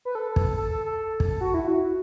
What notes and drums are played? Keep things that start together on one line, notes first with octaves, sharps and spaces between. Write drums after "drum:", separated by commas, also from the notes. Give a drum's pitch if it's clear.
B4
A4
drum: kick
A4
A4
A4
drum: kick
F#4
E4
F#4